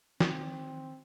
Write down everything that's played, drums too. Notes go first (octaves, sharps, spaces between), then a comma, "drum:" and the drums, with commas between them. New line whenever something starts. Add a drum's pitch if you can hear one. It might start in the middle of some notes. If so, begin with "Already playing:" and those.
D#3 C4, drum: snare